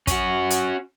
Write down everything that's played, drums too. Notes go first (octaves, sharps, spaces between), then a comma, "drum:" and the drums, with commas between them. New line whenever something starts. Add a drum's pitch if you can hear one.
C#4 F#4, drum: kick, hi-hat
drum: hi-hat